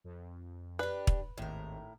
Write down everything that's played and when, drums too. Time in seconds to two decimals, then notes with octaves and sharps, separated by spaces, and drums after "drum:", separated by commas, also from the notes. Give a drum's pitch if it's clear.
0.04 F2
0.79 D4 G4 B4
1.07 drum: kick
1.38 G#1 D#2 A2 A#4